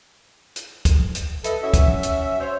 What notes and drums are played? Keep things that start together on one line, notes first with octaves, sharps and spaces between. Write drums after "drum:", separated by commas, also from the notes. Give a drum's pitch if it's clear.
drum: hi-hat
drum: kick, hi-hat
drum: hi-hat
A4 B4 D#5 E5, drum: hi-hat
C#4 F#4 E5
drum: kick, hi-hat
drum: hi-hat
C5 C#5